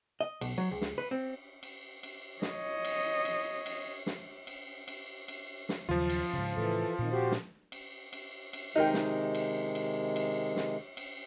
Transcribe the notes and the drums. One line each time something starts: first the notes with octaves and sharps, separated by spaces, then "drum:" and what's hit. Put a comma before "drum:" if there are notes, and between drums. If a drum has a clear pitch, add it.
D#5
B1, drum: cymbal
F#3
C#2
drum: snare
B4
C4
drum: cymbal
drum: cymbal
C#5 D#5, drum: snare
drum: cymbal
drum: cymbal
drum: cymbal
drum: snare
drum: cymbal
drum: cymbal
drum: cymbal
drum: snare
D#2 C#3 F3 F#3 F4
drum: cymbal
G#2 C#3
A2 C#3 E3 A4
A#2 D#3 C4
F#4 G4 C5
drum: snare
drum: cymbal
drum: cymbal
drum: cymbal
C3 D#3 G#3 D#4 A#4 G5
drum: snare
drum: cymbal
drum: cymbal
drum: cymbal
drum: snare
drum: cymbal